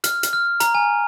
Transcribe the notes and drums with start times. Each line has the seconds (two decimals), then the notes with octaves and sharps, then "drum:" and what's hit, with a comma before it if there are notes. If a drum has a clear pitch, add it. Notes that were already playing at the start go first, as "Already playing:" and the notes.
0.04 F6, drum: hi-hat
0.23 drum: hi-hat
0.33 F6
0.60 A#5, drum: hi-hat
0.75 G#5